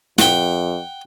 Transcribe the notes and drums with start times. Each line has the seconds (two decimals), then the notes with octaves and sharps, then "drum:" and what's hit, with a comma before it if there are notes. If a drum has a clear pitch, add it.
0.18 F2 F#5 G5, drum: snare